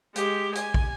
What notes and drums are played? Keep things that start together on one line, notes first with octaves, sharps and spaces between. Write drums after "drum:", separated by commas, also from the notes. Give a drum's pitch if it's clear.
G#3 G4, drum: hi-hat
G#5, drum: hi-hat
drum: kick